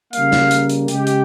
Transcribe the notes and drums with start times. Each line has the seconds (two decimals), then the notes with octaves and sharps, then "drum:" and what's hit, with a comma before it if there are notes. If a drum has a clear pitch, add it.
0.13 C#3 G3 A#3 F5, drum: hi-hat
0.32 drum: snare
0.51 drum: hi-hat
0.70 drum: hi-hat
0.88 C#3 G#3 G4, drum: hi-hat
1.07 drum: hi-hat